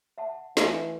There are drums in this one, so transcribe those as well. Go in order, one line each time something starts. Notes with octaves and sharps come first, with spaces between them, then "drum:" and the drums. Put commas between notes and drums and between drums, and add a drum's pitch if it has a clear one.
E5 F#5 A5
E3 A3 F5 G#5, drum: snare